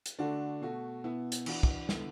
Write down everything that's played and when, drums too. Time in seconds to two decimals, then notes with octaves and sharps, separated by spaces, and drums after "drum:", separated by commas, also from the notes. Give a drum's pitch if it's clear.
0.06 drum: hi-hat
0.19 D3 A3 D4 F#4
0.62 B2 A3 F#4
1.04 B2 B3 E4
1.32 drum: hi-hat
1.46 E3 D4 F#4, drum: cymbal
1.63 drum: kick
1.89 D3 B3 E4, drum: snare